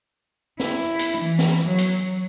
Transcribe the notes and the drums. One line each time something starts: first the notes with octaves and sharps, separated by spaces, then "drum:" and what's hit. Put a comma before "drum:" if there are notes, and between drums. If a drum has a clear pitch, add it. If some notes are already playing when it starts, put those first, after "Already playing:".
E4, drum: snare
drum: hi-hat
E3
drum: snare
F#3
drum: hi-hat